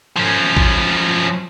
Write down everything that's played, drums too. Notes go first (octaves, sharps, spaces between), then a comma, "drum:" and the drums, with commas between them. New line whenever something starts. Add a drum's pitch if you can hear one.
F3 C#4
drum: kick A1